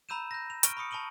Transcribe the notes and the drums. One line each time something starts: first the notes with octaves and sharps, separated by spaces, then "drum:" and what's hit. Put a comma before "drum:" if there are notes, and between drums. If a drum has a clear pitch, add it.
A#5 B5 E6 G6 D#7 E7
G6 A#6
F7
C#6 F6 D7 D#7, drum: hi-hat
B5 C#6 D#6 C#7
A5 B5 C#6 D#7 F#7